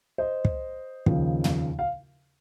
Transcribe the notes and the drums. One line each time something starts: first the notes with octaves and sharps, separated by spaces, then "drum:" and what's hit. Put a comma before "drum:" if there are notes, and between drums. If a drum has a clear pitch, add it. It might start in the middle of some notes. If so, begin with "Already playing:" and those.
C5 D#5
drum: kick
D#2 C#3 F3, drum: kick
drum: tom
F5